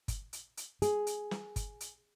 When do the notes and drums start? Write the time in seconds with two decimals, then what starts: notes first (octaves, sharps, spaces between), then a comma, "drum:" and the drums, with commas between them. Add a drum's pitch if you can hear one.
0.08 drum: kick G1, hi-hat
0.33 drum: hi-hat
0.57 drum: hi-hat
0.82 G#4, drum: hi-hat
1.07 drum: hi-hat
1.31 drum: snare
1.56 drum: kick G1, hi-hat
1.81 drum: hi-hat